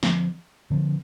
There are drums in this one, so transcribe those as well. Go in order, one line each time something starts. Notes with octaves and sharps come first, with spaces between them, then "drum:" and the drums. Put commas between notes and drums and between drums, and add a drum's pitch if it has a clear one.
D3 F3 C4, drum: snare
D3 F3 C4